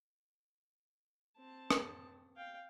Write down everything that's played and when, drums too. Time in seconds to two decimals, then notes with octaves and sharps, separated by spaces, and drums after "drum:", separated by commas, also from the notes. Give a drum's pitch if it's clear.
1.37 C4 A5
1.71 drum: rim click
2.36 F5 G5